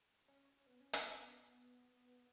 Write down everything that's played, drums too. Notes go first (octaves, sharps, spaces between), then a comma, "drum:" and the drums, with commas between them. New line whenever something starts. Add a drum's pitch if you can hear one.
C#4
B3
C#4
B3, drum: hi-hat